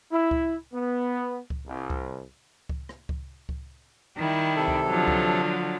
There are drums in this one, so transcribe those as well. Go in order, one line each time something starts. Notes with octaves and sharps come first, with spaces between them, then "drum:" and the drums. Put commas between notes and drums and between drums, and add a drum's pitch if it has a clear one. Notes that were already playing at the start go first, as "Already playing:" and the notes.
E4
drum: kick C#2
B3
drum: kick C#2
C2
drum: kick C#2
drum: kick C#2
drum: rim click
drum: kick C#2
drum: kick C#2
D#3 G3 E4
C3 A4
drum: kick C#2
D3 F3 F#3
drum: kick C#2